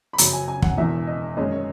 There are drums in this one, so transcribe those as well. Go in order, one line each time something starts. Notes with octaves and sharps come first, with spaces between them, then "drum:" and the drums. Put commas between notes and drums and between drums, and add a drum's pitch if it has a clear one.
B5
F#2 C#3 F#3 A#5, drum: hi-hat
G#5
G#5
F#5, drum: kick
E1 E2 B2 E5
D#5
F#2 D#3 G#3 C#4 D#5
C#5